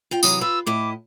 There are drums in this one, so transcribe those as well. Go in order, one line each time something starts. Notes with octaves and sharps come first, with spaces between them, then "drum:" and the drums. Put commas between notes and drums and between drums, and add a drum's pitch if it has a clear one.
F4 F5 G5
C3 E3 F#3 D#6, drum: tambourine
F4 B4 E6
A2 E4 D#5 D6